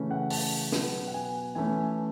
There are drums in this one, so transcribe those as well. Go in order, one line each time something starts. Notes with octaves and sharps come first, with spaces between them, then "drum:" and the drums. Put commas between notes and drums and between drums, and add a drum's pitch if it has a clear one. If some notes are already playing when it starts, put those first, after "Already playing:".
Already playing: C#3 E3 A3 C#4
F#5
A5, drum: open hi-hat
B2 F#3 B3, drum: snare
F#5
G#5
E3 A3 C#4 G#5